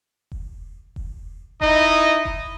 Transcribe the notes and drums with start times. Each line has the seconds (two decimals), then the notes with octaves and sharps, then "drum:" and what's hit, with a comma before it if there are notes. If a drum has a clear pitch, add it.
0.32 drum: kick E1
0.96 drum: kick E1
1.61 D#4 E4 D#5, drum: kick E1
2.25 drum: kick E1